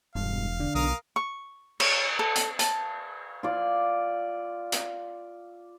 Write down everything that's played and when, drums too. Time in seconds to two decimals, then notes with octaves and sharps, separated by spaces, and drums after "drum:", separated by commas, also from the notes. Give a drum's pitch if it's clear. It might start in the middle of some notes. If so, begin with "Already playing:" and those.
0.15 E1 G2 F5
0.60 D3
0.75 B1 A#4 F5 D#6
1.16 C#6
1.80 C#5, drum: cymbal
2.19 A4
2.36 drum: hi-hat
2.59 A5, drum: hi-hat
3.43 F4 D5
4.72 drum: hi-hat